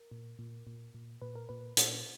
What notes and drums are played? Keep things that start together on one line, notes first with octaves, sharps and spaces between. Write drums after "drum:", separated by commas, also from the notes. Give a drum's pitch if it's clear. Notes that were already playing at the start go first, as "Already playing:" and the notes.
Already playing: A#4
A#2
A#2
A#2
A#2
A#2 B4
A#4
A#2 B4
A#2, drum: hi-hat